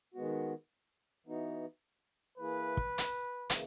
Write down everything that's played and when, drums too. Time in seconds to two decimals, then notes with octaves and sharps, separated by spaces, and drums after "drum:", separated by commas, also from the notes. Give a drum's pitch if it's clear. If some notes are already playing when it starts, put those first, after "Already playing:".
0.14 D#3 G#3 B3 F#4
1.27 E3 B3 D#4 F#4
2.38 E3 A#3 E4 G#4 B4
2.77 drum: kick
2.98 drum: hi-hat
3.50 C#3 E3 A#3, drum: hi-hat